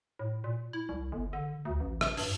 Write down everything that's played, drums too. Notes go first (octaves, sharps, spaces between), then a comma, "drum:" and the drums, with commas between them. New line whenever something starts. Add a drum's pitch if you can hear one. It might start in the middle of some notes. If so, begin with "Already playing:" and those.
A2
A#2
E4
C2
G1
D3
D2
A1
drum: rim click
G2, drum: open hi-hat